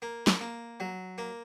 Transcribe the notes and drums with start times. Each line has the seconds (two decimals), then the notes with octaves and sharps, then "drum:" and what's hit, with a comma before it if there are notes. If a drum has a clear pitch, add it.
0.02 A#3
0.27 drum: snare
0.41 A#3
0.80 F#3
1.18 A#3